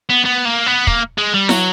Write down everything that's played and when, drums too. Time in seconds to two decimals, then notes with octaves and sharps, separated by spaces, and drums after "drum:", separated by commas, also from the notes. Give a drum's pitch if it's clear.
0.10 B3
0.25 B3
0.45 A#3
0.66 B3
0.87 A#3, drum: kick
1.18 G#3
1.34 G3
1.49 F#3, drum: snare E4